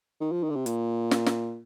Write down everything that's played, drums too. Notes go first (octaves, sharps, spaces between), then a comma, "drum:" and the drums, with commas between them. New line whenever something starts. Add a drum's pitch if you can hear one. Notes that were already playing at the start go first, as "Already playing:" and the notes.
D#3
F3
D#3
D3
C3
A#2, drum: hi-hat
drum: snare
drum: snare